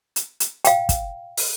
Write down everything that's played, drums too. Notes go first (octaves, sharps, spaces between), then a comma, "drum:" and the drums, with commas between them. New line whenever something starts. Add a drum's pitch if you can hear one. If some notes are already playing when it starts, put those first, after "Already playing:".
drum: hi-hat
drum: hi-hat
F5 G5, drum: hi-hat
drum: kick, hi-hat
drum: open hi-hat